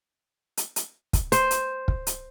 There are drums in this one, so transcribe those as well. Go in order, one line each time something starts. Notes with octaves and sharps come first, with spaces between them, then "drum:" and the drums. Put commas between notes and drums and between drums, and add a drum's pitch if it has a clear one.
drum: hi-hat
drum: hi-hat
drum: kick, hi-hat
C5, drum: hi-hat
drum: hi-hat
drum: kick
drum: hi-hat